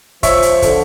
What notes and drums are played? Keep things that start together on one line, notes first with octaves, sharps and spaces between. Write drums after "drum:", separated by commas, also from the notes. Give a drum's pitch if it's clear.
F3 C#5 E5, drum: kick, hi-hat
drum: hi-hat
D3, drum: kick, hi-hat